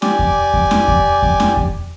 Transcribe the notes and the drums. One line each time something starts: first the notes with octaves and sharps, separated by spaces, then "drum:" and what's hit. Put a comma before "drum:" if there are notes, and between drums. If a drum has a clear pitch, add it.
G4 D5 G#5, drum: snare
drum: kick E2
drum: kick E2
drum: snare
drum: kick E2
drum: kick E2
drum: snare
drum: kick E2